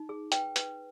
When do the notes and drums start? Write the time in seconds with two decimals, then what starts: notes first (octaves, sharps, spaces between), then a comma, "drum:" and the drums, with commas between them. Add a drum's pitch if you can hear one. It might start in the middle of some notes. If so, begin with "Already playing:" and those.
Already playing: D#4
0.09 G#4
0.32 B4 G5, drum: hi-hat
0.56 B4, drum: hi-hat